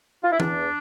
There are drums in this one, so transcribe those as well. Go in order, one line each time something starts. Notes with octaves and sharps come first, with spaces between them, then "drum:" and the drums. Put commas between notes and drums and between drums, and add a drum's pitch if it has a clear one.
F4
E4
E2 D4, drum: tom E3